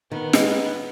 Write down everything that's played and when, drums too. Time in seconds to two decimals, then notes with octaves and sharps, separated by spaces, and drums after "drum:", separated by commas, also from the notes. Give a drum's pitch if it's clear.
0.11 D#3 B3
0.33 G#3 D#4, drum: snare